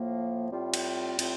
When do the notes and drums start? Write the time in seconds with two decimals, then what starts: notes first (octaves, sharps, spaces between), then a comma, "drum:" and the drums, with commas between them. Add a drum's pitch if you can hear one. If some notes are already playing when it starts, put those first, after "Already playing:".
Already playing: A2 F3 A#3
0.51 A2 G3 C4 F4
0.74 drum: cymbal
1.19 A2 G3 C4 F4, drum: cymbal